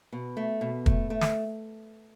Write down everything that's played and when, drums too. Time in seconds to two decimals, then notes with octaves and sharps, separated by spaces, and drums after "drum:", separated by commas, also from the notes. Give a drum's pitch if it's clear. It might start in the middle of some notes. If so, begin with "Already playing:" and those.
0.12 B2
0.37 A3
0.61 B2
0.86 A3, drum: kick
1.10 A3
1.21 drum: snare